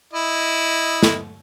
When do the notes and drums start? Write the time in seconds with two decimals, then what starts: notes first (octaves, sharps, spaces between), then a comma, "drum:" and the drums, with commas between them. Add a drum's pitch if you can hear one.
0.13 E4 D#5
1.03 drum: snare